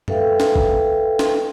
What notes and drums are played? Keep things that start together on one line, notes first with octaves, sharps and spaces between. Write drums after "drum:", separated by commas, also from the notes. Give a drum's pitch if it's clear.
A4 B4 E5 F5 G5, drum: tom
drum: snare
drum: kick
drum: snare